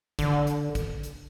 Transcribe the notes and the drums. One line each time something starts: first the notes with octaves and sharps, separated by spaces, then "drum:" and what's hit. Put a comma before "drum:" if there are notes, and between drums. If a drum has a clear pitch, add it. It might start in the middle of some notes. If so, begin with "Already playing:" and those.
D3, drum: kick, hi-hat
drum: hi-hat
drum: kick, hi-hat
drum: hi-hat